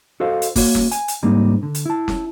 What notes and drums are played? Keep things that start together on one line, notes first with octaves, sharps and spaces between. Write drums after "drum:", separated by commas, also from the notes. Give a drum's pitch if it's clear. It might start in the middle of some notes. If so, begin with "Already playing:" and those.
F#4 A4 C5 D#5 F5
drum: hi-hat
A#3 F#4 C#5, drum: kick, open hi-hat
drum: snare
G#5, drum: hi-hat
drum: hi-hat
G#2 G3 A#3 C4 D4 D#4
D3
drum: hi-hat
E4 A5
drum: snare